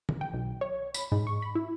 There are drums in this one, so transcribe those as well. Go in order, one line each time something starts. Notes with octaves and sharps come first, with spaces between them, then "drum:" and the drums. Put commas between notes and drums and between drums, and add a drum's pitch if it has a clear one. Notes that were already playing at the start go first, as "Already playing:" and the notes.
drum: tom
G5
B1
C#5
B5, drum: tambourine
G#2
C#6
B5
E4